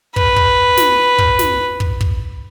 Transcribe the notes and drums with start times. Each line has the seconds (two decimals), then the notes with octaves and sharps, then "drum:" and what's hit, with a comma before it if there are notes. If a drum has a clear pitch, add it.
0.16 B4, drum: kick
0.36 drum: kick
0.77 drum: snare
1.18 drum: kick
1.39 drum: snare
1.80 drum: kick
2.01 drum: kick